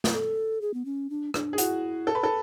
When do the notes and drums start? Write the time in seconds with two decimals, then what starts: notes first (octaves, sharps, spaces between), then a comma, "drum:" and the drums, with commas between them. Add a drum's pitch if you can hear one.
0.04 drum: snare
0.13 A4
0.61 G#4
0.74 B3
0.85 C#4
1.10 D4
1.34 D4, drum: rim click
1.53 G#4
1.58 E4 F#4, drum: hi-hat
2.07 A4
2.15 B4
2.24 A4